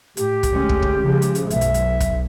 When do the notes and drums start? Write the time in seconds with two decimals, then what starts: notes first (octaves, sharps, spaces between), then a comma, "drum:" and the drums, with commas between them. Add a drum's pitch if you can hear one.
0.17 A2 G4, drum: hi-hat
0.43 drum: kick, hi-hat
0.53 D2 G#3 C#4
0.69 drum: kick
0.82 drum: kick
1.04 C#3 F3 G#3
1.22 drum: hi-hat
1.35 drum: hi-hat
1.50 B1 F#2 E5, drum: hi-hat
1.61 drum: hi-hat
1.74 drum: hi-hat
2.00 drum: kick, hi-hat